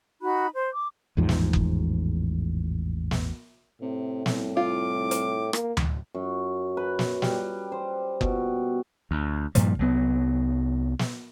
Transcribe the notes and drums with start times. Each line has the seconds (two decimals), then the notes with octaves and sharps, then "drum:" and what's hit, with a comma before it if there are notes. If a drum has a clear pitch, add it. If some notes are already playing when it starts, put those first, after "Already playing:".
0.20 D#4 F#4 B5 F#6
0.55 C5
0.71 D6
1.17 A1 E2 G#2 F3
1.29 drum: snare
1.53 drum: kick F#1
3.11 drum: snare
3.82 A2 C3
4.26 C2, drum: snare
4.57 F4 D6
5.11 drum: hi-hat
5.53 A#3, drum: rim click
5.77 drum: tom D2
6.14 F#2
6.77 B4
6.99 drum: snare
7.22 G3, drum: snare
7.72 C5
8.21 B2, drum: kick F#1
9.11 D2
9.55 G2 A#2 F3 G3, drum: hi-hat
9.79 C2 F#3 B3
10.99 drum: snare